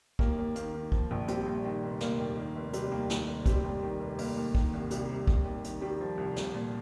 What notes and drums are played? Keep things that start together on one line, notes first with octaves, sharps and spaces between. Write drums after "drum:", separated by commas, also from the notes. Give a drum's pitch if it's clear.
D#2 A#3, drum: kick
D#2
D#3 A#3, drum: hi-hat
D#3
F3, drum: kick
A#1
A#1 G3 C4, drum: hi-hat
A#2
D#3
F1
F1 A#3, drum: snare
D#2
D#3
F1
F1 G3, drum: hi-hat
D#2 A#3
D#3, drum: snare
F1
F1 G3 C4, drum: kick, hi-hat
D#2
D#3
F1
F1 A#3, drum: open hi-hat
D#2
D#3, drum: kick
C2
C2 G3, drum: hi-hat
C3
D#2, drum: kick
D#2
D#3, drum: hi-hat
D#3 G3
F3
C2
C2, drum: snare
A#2